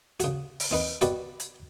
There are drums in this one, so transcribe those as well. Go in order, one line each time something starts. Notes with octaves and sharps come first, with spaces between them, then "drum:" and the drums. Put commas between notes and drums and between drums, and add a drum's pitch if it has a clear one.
C#3 F#4, drum: hi-hat
drum: open hi-hat
C4 D#4 B4
B2 F#4 B4 D5 G5, drum: hi-hat
drum: hi-hat